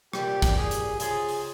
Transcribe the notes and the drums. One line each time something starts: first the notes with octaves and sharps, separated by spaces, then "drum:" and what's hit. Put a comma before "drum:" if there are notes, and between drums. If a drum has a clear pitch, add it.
C2 A#2 G3 G4, drum: rim click
drum: kick, hi-hat
G#4
drum: hi-hat
C#3 F3 C4 F4 G#4, drum: hi-hat
drum: open hi-hat